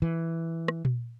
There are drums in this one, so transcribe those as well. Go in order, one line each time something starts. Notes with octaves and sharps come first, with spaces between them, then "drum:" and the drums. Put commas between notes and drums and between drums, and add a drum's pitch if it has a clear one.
E3
drum: rim click
drum: tom A#2